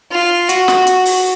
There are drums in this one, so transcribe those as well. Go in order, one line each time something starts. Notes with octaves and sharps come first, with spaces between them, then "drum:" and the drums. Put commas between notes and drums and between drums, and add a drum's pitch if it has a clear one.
F4
F#4, drum: hi-hat
drum: snare
drum: hi-hat
drum: open hi-hat